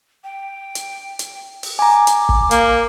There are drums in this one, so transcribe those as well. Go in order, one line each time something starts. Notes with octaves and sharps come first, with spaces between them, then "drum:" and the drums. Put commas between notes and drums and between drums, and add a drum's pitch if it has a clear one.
G5
drum: hi-hat
drum: hi-hat
drum: open hi-hat
G#5 A#5 D6
drum: hi-hat
drum: kick
A#3, drum: hi-hat